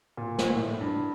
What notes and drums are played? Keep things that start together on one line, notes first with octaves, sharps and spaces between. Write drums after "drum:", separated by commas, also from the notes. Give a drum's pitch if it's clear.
A#2
drum: snare
A2
G2